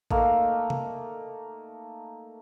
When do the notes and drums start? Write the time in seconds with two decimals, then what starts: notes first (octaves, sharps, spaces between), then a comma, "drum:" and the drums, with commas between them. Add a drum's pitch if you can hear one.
0.11 A3 A#3 D#4, drum: kick A1
0.70 drum: tom